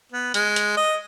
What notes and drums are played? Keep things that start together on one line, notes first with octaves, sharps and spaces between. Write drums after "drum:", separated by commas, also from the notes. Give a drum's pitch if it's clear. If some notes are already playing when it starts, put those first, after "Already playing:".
B3
G#3, drum: hi-hat
drum: hi-hat
D#5